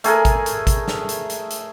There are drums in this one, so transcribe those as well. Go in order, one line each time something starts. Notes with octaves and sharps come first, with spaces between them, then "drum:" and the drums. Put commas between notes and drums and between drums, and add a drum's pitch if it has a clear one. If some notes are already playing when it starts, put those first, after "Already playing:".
A3 G#4 A#4 G#5, drum: hi-hat
drum: kick G#1, hi-hat
drum: hi-hat
drum: kick G#1, hi-hat
drum: snare
drum: hi-hat
drum: hi-hat
drum: hi-hat